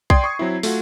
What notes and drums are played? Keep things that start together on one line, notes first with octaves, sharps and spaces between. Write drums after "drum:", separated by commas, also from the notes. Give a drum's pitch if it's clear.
D5 G5 C6 D#6 G#6 C7, drum: kick B1
C#6 D#6
F#3 C4 E4
A3 F4 F#4, drum: open hi-hat